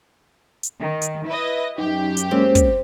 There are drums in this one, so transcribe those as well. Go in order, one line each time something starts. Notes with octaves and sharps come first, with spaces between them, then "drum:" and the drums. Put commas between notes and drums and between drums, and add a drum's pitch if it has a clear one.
drum: hi-hat
D#3
drum: hi-hat
E4 B4 D#5
F#2 D#4 G4
drum: hi-hat
G#3 A#3 C4 C#4
drum: kick, hi-hat